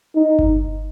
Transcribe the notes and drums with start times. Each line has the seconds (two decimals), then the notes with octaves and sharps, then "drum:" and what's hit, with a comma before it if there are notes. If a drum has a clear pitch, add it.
0.15 D#4
0.39 drum: kick G1